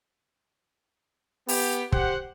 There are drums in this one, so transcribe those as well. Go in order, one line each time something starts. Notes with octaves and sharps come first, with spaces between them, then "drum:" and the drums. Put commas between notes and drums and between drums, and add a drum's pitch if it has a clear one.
B3 G4, drum: open hi-hat
G4 C5 F#5, drum: kick